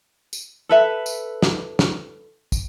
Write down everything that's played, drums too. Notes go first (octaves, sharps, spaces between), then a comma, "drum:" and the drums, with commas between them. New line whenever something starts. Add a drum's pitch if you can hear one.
drum: tambourine
A4 B4 E5
drum: tambourine
drum: snare
drum: snare
drum: kick, tambourine